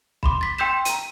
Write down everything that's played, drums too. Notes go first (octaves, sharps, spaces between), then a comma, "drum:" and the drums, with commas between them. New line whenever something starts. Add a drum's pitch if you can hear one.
B5 C6 D6, drum: kick
A6 B6
G5 C6 E6 G6 B6 E7
A#5 D#7, drum: hi-hat